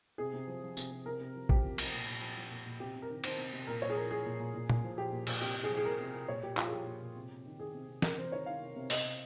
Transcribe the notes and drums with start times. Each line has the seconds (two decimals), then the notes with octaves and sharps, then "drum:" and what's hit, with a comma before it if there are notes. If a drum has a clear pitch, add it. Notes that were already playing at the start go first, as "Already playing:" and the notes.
0.18 C3 G#4
0.33 C3
0.47 F3
0.62 F3
0.77 C3, drum: tambourine
0.91 C3
1.05 C3 A#4
1.21 C3
1.36 F3
1.49 F3 G4, drum: kick A1
1.64 C3
1.78 C3, drum: cymbal
1.93 A#2
2.07 A#2
2.22 F3
2.36 F3
2.51 A#2
2.66 A#2
2.80 C3 G4
2.95 C3
3.02 A#4
3.09 D#3
3.24 D#3 C5, drum: cymbal
3.38 C3
3.53 C3
3.67 A#2 A#4
3.82 A#2 C#5
3.90 G#4
3.96 F3 A#4
4.11 F3 G#4
4.26 A#2
4.39 A#2
4.54 A#2
4.70 A#2, drum: tom
4.84 F3
4.98 F3 G4
5.12 A#2
5.27 A#2, drum: cymbal
5.41 C3 G4
5.56 C3
5.63 G#4
5.70 F3
5.78 G#4
5.85 F3 A#4
6.00 C3
6.14 C3
6.28 A#2 C#5
6.43 A#2 G4
6.57 F3 F4, drum: clap
6.67 G#4
6.72 F3 G4
6.87 A#2
7.02 A#2
7.16 C3
7.31 C3
7.45 D#3
7.59 D#3 G#4
7.74 C3
7.88 C3
8.02 C3 A#4, drum: snare
8.17 C3 C5
8.32 D#3 C#5
8.46 D#3 F5
8.61 C3
8.76 C3
8.90 C3 D#5, drum: open hi-hat
9.05 C3